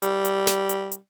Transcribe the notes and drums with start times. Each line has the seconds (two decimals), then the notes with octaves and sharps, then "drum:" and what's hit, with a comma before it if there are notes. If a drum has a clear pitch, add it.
0.02 G3, drum: hi-hat
0.25 drum: hi-hat
0.47 drum: snare
0.69 drum: hi-hat
0.92 drum: hi-hat